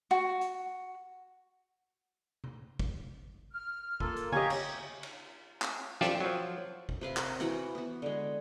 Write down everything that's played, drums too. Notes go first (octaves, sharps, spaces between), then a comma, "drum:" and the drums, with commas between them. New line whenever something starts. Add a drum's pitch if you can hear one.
F#4
drum: hi-hat
drum: tom C3
drum: kick
F6
A#3 F4 A4, drum: kick
drum: hi-hat
G4 C#5 D#5 F5 G#5 A#5 C#6, drum: tom C#3
drum: cymbal
drum: cymbal
drum: clap
F4 G4 A4 C5 D5 E5, drum: snare
F3 F#3
drum: kick
C3 B4 F5
A#4, drum: clap
E3 F#4 F#5 B5, drum: hi-hat
B3 F#4
D3 G#3